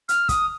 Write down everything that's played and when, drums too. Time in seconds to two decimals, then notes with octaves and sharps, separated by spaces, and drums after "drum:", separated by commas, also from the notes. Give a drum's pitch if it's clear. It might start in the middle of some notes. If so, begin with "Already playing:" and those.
0.09 F6, drum: hi-hat
0.29 D#6, drum: kick, hi-hat